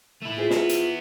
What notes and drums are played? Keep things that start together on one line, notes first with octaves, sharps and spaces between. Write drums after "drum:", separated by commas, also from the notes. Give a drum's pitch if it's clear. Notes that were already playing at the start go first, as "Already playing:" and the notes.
A3 E4
F4 G#4 C5
B3 E4, drum: snare
drum: hi-hat